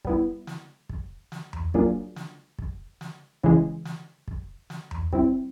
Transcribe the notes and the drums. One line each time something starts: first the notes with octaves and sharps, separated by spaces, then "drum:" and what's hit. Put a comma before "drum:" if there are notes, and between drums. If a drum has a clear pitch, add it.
G3 B3 E4, drum: kick
drum: snare
drum: kick
drum: snare
drum: tom E2
F#3 A#3 D4 F4 G#4, drum: kick
drum: snare
drum: kick
drum: snare
C#3 E3 G#3, drum: kick
drum: snare
drum: kick
drum: snare
drum: tom E2
G3 C4 E4, drum: kick